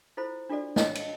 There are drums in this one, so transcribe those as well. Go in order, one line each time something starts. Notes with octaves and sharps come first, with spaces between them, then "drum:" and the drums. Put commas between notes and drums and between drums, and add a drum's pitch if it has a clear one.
E4 F4 A4 C5 B5
D4 F4 F#4 A4 D5
C#5 D#5 F5 G5 A5, drum: snare
drum: cymbal